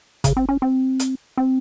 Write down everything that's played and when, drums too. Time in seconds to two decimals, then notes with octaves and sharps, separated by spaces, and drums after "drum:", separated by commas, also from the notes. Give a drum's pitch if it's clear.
0.24 C#3, drum: kick, hi-hat
0.37 C4
0.49 C#4
0.62 C4
0.99 drum: hi-hat
1.37 C4